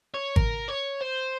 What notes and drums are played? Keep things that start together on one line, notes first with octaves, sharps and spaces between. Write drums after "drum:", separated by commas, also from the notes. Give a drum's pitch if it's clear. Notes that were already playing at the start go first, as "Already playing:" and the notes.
C#5
A#4, drum: kick G#1
C#5
C5